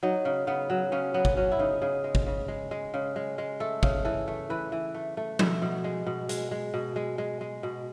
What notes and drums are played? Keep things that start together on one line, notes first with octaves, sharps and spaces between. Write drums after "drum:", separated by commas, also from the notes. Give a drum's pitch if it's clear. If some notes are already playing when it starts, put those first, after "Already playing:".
F#3 D#4
C#3
C#3 B3
F#3
C#3 C#4
F#3 B3
drum: kick
F#3 C#4
E4
C#3 D#4
C#3 G#4
G#3
drum: kick
C#3
G#3
G#3
C#3
G#3
G#3
A3 A4
C#3, drum: kick
E3 A4
A3
E3 B4
E3
A3
A3
B2 E5, drum: tom F3
B2
G#3
B2
G#3, drum: hi-hat
G#3
B2
G#3
G#3
G#3
B2